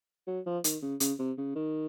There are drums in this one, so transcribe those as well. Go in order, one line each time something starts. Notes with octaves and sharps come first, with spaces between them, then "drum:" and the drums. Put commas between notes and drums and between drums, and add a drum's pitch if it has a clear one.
F#3
F3
D#3, drum: hi-hat
C#3
C#3, drum: hi-hat
C3
C#3
D#3